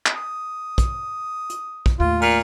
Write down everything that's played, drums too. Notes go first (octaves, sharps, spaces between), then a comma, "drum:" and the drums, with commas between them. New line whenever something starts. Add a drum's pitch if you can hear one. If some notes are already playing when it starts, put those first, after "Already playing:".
drum: clap
D#6
drum: kick, hi-hat
drum: hi-hat
drum: kick
D#2 A2 F4
A#2 F6, drum: open hi-hat